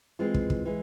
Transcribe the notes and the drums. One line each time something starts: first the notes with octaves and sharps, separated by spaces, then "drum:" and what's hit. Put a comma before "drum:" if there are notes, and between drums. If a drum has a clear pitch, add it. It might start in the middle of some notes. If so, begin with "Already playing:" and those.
E3 G#3 C4 F4
drum: kick
drum: kick
E3 G#3